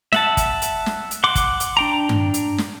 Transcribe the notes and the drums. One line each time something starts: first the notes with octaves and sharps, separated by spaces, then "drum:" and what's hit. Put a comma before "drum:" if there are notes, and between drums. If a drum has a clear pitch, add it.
E5 F#5 A5, drum: snare
drum: kick, hi-hat
drum: hi-hat
drum: snare
drum: hi-hat
F#5 C6 D6
drum: kick, hi-hat
drum: hi-hat
D4 G5 A#5
drum: tom G2
drum: hi-hat
drum: snare